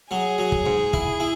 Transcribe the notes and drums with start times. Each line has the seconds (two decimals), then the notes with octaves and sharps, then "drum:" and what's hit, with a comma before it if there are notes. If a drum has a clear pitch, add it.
0.11 F#3 G#4
0.38 F#3
0.52 drum: kick
0.66 G#2
0.93 E4, drum: kick
1.20 E4